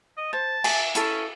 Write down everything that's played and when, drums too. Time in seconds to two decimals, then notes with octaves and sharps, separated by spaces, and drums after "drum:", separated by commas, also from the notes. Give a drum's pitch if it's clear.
0.18 D#5
0.33 C5 A5
0.64 E5 G#5, drum: cymbal
0.95 C#4 E4 A4, drum: hi-hat